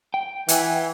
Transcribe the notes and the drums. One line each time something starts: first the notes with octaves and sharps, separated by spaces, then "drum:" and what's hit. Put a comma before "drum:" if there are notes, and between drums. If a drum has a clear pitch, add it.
G5
E3 F#5 G#5, drum: hi-hat